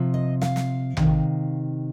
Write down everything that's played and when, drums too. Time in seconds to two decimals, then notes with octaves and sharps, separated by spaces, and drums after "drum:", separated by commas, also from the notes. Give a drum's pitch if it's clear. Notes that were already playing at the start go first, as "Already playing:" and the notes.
Already playing: C3 F3
0.14 D#5
0.42 F5, drum: snare
0.56 drum: snare
0.97 C3 D#3, drum: tom